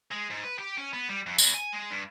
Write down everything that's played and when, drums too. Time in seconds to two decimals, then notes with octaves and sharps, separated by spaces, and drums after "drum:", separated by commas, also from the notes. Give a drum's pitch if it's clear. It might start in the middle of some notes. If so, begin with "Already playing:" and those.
0.11 G#3
0.30 G#2
0.44 B4
0.58 G4
0.77 C#4
0.93 B3
1.09 G3
1.26 F2
1.38 E2, drum: tambourine
1.55 G#5
1.73 G#3
1.91 G2